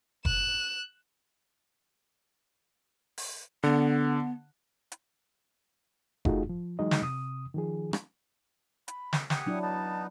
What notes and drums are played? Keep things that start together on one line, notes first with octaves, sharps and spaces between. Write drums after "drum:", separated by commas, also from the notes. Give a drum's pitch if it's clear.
F#6 E7, drum: kick F1
drum: open hi-hat
D3 B3
drum: hi-hat
A3 D#4 F4 F#4 G#4, drum: kick F1
F3
E3 F#3 G#3 D#4 D#5
drum: snare
C3 D#6
D#3 F3 G#4
drum: rim click
B5, drum: hi-hat
drum: snare
G4 F#5 G#5 D#6, drum: snare
F#3 D4 E4
B3 D#4 A5